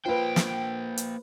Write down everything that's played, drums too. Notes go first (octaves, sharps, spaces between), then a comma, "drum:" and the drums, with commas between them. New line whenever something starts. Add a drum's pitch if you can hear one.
A#3 F4 B4 C5 G5
drum: snare
drum: hi-hat